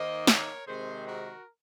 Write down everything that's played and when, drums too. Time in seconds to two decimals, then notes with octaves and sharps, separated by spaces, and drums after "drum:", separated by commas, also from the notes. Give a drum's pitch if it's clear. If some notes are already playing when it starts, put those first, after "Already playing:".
Already playing: D#3 A#3 D#4 C5 D#5
0.27 A#4 C#5, drum: snare
0.67 C3 D#3 G#3 C4 G#4 C5
1.07 F#4 A#4